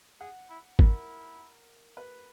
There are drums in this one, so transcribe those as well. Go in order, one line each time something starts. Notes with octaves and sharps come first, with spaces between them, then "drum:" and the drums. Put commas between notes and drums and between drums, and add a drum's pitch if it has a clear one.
G#4 F#5
E4
E4 A#4, drum: kick G#1
B4